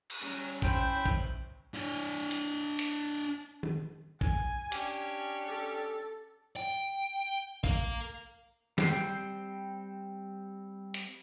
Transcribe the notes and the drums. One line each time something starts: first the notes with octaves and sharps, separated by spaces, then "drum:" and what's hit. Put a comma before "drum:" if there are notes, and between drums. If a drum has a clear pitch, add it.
drum: cymbal
G3 C#4 A#5
E4 C5 G5, drum: kick A#1
drum: kick A#1
D4 C#5
drum: hi-hat
drum: hi-hat
drum: tom D#3
G#5, drum: kick A#1
C#4 D4 G4, drum: hi-hat
A4
G5
A#4 F5, drum: kick A#1
G3 C4 G5 C6, drum: snare
drum: hi-hat